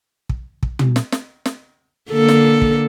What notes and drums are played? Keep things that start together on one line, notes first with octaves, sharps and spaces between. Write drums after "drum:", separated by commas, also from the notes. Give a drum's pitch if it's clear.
drum: kick
drum: kick
drum: tom
drum: snare
drum: snare
drum: snare
D3 A#3 A4
drum: snare
drum: kick